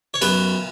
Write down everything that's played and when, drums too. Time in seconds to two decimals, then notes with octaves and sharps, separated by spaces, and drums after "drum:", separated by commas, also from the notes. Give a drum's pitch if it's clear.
0.14 C#5
0.21 F#2 B3 B4, drum: cymbal